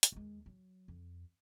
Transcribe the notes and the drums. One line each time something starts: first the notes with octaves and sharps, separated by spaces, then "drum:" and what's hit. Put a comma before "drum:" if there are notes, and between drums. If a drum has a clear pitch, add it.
drum: hi-hat
D#2 G#3
F#3
F2